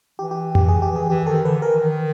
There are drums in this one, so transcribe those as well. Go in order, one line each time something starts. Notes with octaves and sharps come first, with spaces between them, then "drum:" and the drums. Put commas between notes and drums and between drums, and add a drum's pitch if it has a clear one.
E3 G4
G4
G4, drum: tom F2
G#4
G4
E3 G#4
E3 G4
D#3 A4
D3 B4
E3 A#4
D#3